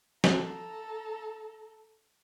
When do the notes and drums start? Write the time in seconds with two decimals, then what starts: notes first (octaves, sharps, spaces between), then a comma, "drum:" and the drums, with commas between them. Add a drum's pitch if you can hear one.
0.24 A4 A#5, drum: snare